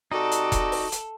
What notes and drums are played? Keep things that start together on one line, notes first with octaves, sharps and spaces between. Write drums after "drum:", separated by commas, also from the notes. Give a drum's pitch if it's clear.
C3 D#4 F#4 A4 D5
drum: hi-hat
drum: kick E1, hi-hat
drum: open hi-hat
drum: hi-hat